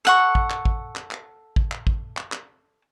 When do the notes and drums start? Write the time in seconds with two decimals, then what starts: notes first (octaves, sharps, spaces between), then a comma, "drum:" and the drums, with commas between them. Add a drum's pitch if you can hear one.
0.05 A4 F#5 C#6
0.35 drum: kick
0.50 drum: clap
0.65 drum: kick
0.96 drum: clap
1.11 drum: clap
1.56 drum: kick
1.72 drum: clap
1.87 drum: kick
2.17 drum: clap
2.32 drum: clap